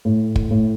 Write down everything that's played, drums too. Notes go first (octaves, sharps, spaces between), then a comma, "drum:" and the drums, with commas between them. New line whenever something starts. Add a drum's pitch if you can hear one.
A2
drum: kick
A2